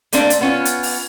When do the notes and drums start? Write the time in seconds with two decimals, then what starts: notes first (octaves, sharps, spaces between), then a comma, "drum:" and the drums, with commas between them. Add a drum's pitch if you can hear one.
0.13 G3 A3 A#3 C4 D4, drum: hi-hat
0.30 drum: hi-hat
0.41 B3 C#4 F4
0.65 drum: hi-hat
0.83 drum: open hi-hat